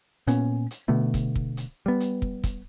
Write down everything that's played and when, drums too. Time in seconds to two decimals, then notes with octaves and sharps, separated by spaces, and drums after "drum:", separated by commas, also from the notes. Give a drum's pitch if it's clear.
0.27 A#2 B3 C#4, drum: hi-hat
0.71 drum: hi-hat
0.88 B2 D3 A3 B3
1.14 drum: kick, hi-hat
1.35 drum: kick
1.57 drum: hi-hat
1.86 G3 B3
2.00 drum: hi-hat
2.22 drum: kick
2.44 drum: kick, hi-hat